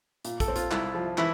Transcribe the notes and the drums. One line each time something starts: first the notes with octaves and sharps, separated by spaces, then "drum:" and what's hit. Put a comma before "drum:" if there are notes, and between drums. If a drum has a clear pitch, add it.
A#2, drum: hi-hat
A4, drum: kick, hi-hat
C4
F4, drum: hi-hat
C2 E4, drum: clap
F3
E3 E4, drum: clap